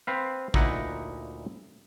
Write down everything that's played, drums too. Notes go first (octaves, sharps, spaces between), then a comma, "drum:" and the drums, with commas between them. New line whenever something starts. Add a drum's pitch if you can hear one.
C4 B4 F5
D2 A#2 D#4 E4 D#5 F#5, drum: kick A1